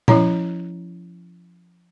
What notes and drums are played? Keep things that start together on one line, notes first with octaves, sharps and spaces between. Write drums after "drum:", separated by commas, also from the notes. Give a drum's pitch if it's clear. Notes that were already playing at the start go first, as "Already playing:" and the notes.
F3 C#4 E4 C#5 A#5, drum: tom A#2